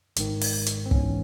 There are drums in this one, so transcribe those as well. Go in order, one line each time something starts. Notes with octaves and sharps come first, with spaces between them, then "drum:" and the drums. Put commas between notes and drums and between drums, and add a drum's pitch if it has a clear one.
G#1 G#2 D#3, drum: hi-hat
drum: open hi-hat
drum: hi-hat
C4
G#1 G#2 E3 B3 C#4, drum: kick